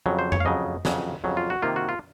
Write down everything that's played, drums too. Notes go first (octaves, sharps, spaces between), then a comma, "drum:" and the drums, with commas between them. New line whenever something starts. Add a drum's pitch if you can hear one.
F2 C#3 F#3
C5
C#5, drum: tom
F5
F2 C#3 F#3 D#5
F2 C#3 F#3, drum: snare
F2 C#3 F#3
F4
F#4
C3 D#3 A#3 F4
F#4
F4